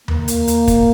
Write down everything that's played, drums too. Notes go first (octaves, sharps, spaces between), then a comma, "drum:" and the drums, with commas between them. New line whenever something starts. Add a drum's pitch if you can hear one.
A#3, drum: tom D#2
drum: hi-hat
drum: hi-hat
drum: kick, hi-hat